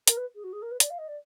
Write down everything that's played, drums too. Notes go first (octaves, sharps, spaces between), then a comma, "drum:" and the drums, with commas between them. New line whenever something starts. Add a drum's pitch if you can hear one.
A#4, drum: hi-hat
B4
G#4
F#4
G#4
A#4
B4
D5, drum: hi-hat
F5
D#5
D5